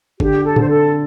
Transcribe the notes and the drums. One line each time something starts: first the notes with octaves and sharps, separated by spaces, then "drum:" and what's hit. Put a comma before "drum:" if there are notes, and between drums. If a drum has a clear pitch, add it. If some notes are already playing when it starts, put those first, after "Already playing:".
D3 G4, drum: kick
A4
D3 C5, drum: tom A2
A4